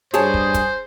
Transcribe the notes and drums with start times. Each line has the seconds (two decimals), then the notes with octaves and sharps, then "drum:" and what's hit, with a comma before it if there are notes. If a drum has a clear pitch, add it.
0.14 G2 G#4 C5 C#5 A5, drum: hi-hat
0.34 drum: kick
0.54 drum: kick, hi-hat